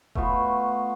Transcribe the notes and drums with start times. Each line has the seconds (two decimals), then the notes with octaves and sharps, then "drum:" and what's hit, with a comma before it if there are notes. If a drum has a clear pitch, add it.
0.15 A3 B3 F4 F#4, drum: kick E1